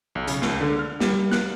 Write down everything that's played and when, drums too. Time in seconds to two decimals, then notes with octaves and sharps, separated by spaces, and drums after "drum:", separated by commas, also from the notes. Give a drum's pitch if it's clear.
0.15 B1
0.27 C#3, drum: hi-hat
0.42 C#2, drum: snare
0.61 D3
0.79 F6
1.00 G3, drum: snare
1.13 G3
1.32 F#6, drum: snare